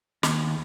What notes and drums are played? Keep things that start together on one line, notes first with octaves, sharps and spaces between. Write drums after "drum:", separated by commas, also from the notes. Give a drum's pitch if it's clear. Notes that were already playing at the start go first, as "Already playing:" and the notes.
D#2, drum: snare